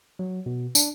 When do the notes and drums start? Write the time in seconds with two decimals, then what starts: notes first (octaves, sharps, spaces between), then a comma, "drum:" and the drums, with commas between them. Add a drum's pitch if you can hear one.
0.19 F#3
0.46 B2
0.75 D4, drum: tambourine